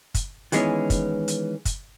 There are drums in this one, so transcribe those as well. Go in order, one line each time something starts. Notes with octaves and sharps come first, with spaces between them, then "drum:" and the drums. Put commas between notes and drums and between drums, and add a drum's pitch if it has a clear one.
drum: kick, hi-hat
D#3 E3 G#3 B3 C#4, drum: hi-hat
drum: kick, hi-hat
drum: hi-hat
drum: kick, hi-hat